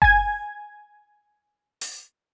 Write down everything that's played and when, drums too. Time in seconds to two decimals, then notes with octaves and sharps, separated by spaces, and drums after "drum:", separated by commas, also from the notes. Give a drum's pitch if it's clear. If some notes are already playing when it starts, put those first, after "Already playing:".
0.02 G#5 G#6, drum: kick F#1
1.81 drum: open hi-hat